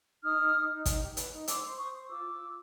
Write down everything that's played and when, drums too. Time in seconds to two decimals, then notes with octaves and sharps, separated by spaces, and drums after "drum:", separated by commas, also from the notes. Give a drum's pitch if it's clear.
0.23 D#4 D#6 F6
0.39 D#4
0.55 D#4
0.70 D#4
0.86 D#4, drum: kick, hi-hat
1.01 G4
1.17 B4, drum: hi-hat
1.32 D#4
1.48 C5 D6 E6, drum: hi-hat
1.63 C5
1.79 C5 C#6 D#6
1.94 C5
2.10 F4 D6 E6
2.25 F4
2.41 F4